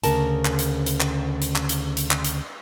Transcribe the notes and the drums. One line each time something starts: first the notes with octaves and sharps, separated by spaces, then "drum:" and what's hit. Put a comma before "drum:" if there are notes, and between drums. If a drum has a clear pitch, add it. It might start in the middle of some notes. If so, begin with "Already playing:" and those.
D2 C#3 A#4 A5, drum: hi-hat
drum: clap
drum: hi-hat
drum: hi-hat
drum: clap
drum: hi-hat
drum: clap
drum: hi-hat
drum: hi-hat
drum: clap
drum: hi-hat